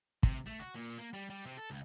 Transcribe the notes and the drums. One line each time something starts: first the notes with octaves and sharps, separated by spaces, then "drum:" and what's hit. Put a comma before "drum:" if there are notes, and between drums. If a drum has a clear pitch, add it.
C3, drum: kick
A3
F#4
A#2
A#3
G3
G3
C3
A4
C#2